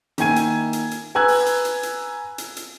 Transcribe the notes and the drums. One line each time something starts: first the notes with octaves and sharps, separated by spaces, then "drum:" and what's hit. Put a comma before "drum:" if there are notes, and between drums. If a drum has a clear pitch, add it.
D#3 A#3 E4 G#5 G#6 D#7, drum: hi-hat
drum: hi-hat
drum: hi-hat
drum: hi-hat
B4 G#5 A#5 E6 F#6 G#6
drum: open hi-hat
drum: hi-hat
drum: hi-hat
drum: hi-hat
drum: hi-hat
drum: hi-hat